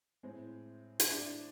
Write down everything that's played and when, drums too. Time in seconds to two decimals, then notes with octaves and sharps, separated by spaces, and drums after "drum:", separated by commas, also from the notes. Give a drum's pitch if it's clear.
0.23 A2 G#3 C4
1.00 E4, drum: hi-hat
1.11 D4